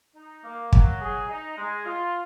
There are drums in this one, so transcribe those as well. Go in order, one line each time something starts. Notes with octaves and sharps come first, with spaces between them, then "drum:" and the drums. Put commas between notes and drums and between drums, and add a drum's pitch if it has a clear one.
D#4
A#3
F#3, drum: kick
G#4
D#4
G#3
F4